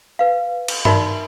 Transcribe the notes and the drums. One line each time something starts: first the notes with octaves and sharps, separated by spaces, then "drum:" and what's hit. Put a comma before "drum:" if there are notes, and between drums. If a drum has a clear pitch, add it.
B4 F5
drum: cymbal
D#4 F#4 A#4 D5 E5 B5, drum: tom G2